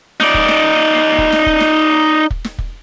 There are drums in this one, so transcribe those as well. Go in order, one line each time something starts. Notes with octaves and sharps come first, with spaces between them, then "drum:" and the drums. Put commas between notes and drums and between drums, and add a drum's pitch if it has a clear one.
D#4 D5, drum: snare
drum: kick
drum: snare
drum: kick
drum: snare
drum: kick
drum: snare
drum: kick
drum: snare
drum: kick